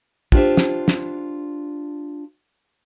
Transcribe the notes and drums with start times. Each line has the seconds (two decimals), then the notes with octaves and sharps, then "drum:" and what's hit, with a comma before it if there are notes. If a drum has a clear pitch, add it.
0.32 D4 F4 G4 B4 C5 E5, drum: kick
0.57 drum: snare
0.88 drum: snare